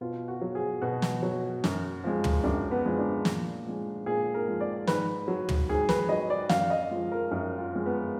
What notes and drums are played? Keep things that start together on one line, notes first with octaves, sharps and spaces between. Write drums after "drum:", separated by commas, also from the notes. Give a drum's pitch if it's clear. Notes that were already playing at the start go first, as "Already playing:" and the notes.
B2 F4
F#4
F#3
G#4
B2 F#4
drum: snare
F#3
F#2, drum: snare
F3 G#3
drum: tom
F#2 D4
B3
F3 G#3
D4
A#2, drum: snare
F3 G#3
A#2 G#4
A#4
F3 G#3
D5
G#2 B4, drum: snare
F#3
drum: tom
G#2 G#4
B4, drum: snare
F#3 D#5
D5
F#2 F5, drum: snare
D#5
F3 G#3 F4
A#4
F#2
F4
F3 G#3
B3